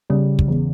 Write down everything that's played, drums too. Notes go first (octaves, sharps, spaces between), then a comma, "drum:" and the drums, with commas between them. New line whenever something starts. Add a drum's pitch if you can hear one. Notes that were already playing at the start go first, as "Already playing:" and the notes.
C#3 G3
drum: kick
E2